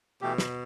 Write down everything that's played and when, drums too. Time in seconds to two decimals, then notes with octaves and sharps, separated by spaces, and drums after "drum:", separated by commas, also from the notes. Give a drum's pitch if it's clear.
0.21 B2 E3 A3 G4
0.38 drum: snare